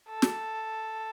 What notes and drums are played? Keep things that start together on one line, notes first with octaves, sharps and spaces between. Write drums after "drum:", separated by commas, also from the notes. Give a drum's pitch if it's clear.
A4
drum: snare